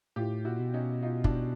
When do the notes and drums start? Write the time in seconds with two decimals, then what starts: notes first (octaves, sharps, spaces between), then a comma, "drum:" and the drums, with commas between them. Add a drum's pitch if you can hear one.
0.16 A2 F4 G4
0.45 A#2 E4 F#4
0.59 B2
0.74 C#4 D#4
1.02 D#4 F4
1.24 D4 E4, drum: kick